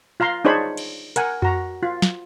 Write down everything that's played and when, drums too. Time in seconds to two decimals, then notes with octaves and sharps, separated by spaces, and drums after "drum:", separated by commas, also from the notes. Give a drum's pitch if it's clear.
0.20 F4 F5 A#5 C6
0.45 D4 D#4 G#4 C5 C#5 B5
0.77 drum: cymbal
1.16 A#4 F#5 G#5, drum: hi-hat
1.42 F#4 A#5, drum: tom F2
1.83 F4
2.02 drum: snare